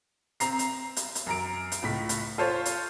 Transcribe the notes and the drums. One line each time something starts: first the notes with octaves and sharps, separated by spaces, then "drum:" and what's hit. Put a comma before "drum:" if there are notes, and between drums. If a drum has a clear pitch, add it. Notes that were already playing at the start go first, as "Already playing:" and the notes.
C4 A#5 C7, drum: hi-hat
drum: hi-hat
drum: hi-hat
drum: hi-hat
F#2 A#5 D7
drum: hi-hat
C#2 A2 B6
drum: hi-hat
F4 A4 C5 C#5 C#6
drum: hi-hat